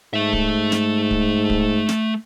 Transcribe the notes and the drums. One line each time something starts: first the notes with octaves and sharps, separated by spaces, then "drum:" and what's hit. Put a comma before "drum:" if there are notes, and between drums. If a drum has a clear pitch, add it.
G#2 A3 E5
drum: kick D1
drum: snare
drum: kick D1
drum: kick D1
drum: snare